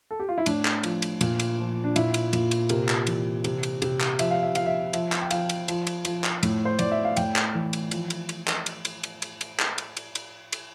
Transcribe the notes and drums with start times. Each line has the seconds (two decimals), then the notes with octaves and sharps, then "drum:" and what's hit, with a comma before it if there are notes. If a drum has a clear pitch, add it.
0.11 A4
0.20 G4
0.29 F4
0.38 E4
0.46 A2 D4, drum: cymbal
0.65 drum: clap
0.83 F3, drum: cymbal
1.02 drum: cymbal
1.21 A#2, drum: cymbal
1.40 drum: cymbal
1.58 F3
1.84 D4
1.96 A#2 E4, drum: cymbal
2.14 drum: cymbal
2.33 A#2, drum: cymbal
2.51 drum: cymbal
2.69 C3 A#4, drum: cymbal
2.89 drum: clap
3.07 E3, drum: cymbal
3.44 C3, drum: cymbal
3.63 drum: cymbal
3.82 C3, drum: cymbal
4.00 drum: clap
4.19 F3 E5, drum: cymbal
4.31 F5
4.43 E5
4.55 F3 F5, drum: cymbal
4.66 E5
4.93 F3 E5, drum: cymbal
5.12 drum: clap
5.22 G5
5.31 F3 F5, drum: cymbal
5.49 drum: cymbal
5.68 F3, drum: cymbal
5.87 drum: cymbal
6.05 F3, drum: cymbal
6.24 drum: clap
6.43 A2, drum: cymbal
6.65 C5
6.79 A2 D5, drum: cymbal
6.91 E5
7.04 F5
7.17 A2 G5, drum: cymbal
7.36 drum: clap
7.54 E3
7.73 drum: cymbal
7.91 F3, drum: cymbal
8.10 drum: cymbal
8.29 drum: cymbal
8.48 drum: clap
8.66 drum: cymbal
8.85 drum: cymbal
9.03 drum: cymbal
9.22 drum: cymbal
9.41 drum: cymbal
9.59 drum: clap
9.78 drum: cymbal
9.97 drum: cymbal
10.15 drum: cymbal
10.52 drum: cymbal